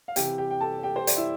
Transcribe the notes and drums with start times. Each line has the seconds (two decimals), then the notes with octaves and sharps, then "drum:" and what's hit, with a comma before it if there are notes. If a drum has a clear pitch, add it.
0.08 F5
0.16 C3 E3 G4 G5, drum: hi-hat
0.38 G4 G5
0.51 G5
0.61 A4 A5
0.83 G4 G5
0.96 C5
1.07 D5, drum: hi-hat
1.16 E4 E5